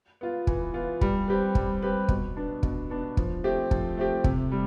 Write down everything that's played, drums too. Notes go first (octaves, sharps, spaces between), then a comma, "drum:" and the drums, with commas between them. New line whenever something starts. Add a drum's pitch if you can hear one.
B3 F4
E3, drum: kick
B3 F4
G3, drum: kick
C4 G4 B4
G3, drum: kick
C4 G4 B4
B2, drum: kick
B3 D4
B2, drum: kick
B3 D4
F3, drum: kick
A3 C4 G4
F3, drum: kick
A3 C4 G4
C3, drum: kick
G3